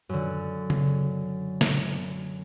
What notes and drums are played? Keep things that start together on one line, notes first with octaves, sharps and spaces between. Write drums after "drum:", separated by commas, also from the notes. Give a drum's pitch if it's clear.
F#2 D3
drum: tom C#3
drum: snare